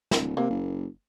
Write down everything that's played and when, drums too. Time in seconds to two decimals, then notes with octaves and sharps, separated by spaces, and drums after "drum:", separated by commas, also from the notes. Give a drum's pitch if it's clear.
0.11 D1, drum: snare
0.37 C3 A#3
0.50 F#1